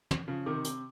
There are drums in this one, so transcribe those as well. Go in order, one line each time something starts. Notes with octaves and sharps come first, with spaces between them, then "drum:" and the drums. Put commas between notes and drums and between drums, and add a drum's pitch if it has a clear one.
drum: tom
C#3 F3
C3 D#3
C3, drum: hi-hat